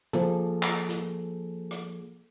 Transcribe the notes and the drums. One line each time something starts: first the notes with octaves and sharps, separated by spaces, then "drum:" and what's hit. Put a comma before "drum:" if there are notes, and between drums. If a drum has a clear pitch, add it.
F3 A#3 G#4 A4, drum: tom
drum: clap
drum: snare
drum: rim click